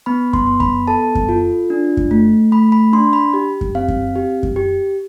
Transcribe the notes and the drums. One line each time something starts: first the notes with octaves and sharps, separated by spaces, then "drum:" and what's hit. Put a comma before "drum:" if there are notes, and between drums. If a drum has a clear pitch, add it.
B3 B5
C6, drum: kick F#2
B3
B5, drum: kick F#2
A4 A5
drum: kick F#2
F4
D4
drum: kick F#2
A3
A3 B5
B5
D4 C6
B5
G4
drum: kick F#2
C4 F5
drum: kick F#2
G4
drum: kick F#2
G4